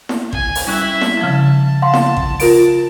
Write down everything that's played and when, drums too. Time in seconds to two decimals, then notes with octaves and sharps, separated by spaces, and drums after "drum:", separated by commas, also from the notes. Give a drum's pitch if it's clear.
0.09 drum: snare E4
0.33 G#5, drum: kick A1
0.55 drum: open hi-hat
0.67 G3 C#4 E4 E5 F#6
1.01 drum: snare E4
1.21 C#3 F3 A5
1.82 F5 F#5 C6
1.94 drum: snare E4
2.17 drum: kick A1
2.40 F4 A#4 D7, drum: open hi-hat